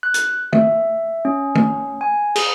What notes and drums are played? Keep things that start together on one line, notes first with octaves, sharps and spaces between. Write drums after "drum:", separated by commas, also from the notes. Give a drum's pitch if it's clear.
F#6
drum: hi-hat
E5, drum: tom
C#4
drum: tom
G#5
G#4, drum: cymbal